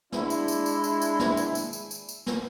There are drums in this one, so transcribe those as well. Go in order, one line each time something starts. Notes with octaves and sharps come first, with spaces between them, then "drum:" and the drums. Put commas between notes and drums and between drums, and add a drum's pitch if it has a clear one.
G#3 D4 E4, drum: snare
drum: tambourine
drum: tambourine
drum: tambourine
drum: tambourine
drum: tambourine
drum: snare
drum: tambourine
drum: tambourine
drum: tambourine
drum: tambourine
drum: tambourine
drum: snare